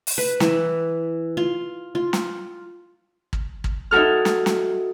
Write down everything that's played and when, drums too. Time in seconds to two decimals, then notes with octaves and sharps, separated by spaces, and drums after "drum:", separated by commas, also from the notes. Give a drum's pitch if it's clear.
0.07 drum: open hi-hat
0.18 B4
0.40 E3, drum: snare
1.37 F4
1.95 F4
2.13 drum: snare
3.33 drum: kick
3.64 drum: kick
3.91 D#4 E4 F#4 A4 F6
4.25 drum: snare
4.46 drum: snare